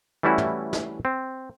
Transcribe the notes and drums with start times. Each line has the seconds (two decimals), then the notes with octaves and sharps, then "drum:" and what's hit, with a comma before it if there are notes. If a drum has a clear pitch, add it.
0.23 E3 G3 A3 C#4 E4 F#4
0.38 drum: tom
0.73 drum: snare
1.05 C4